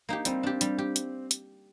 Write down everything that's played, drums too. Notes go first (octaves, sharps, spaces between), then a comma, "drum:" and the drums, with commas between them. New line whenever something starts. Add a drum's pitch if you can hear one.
A#3 D#4 G4
G3 C4, drum: hi-hat
D4 G4
G3, drum: hi-hat
G4
drum: hi-hat
drum: hi-hat